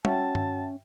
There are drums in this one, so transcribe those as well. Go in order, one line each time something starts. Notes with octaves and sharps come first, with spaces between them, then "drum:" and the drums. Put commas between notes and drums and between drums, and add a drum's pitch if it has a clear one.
C#4 F#4 C#5 E5 F#5 G5 A5, drum: tom
drum: tom G2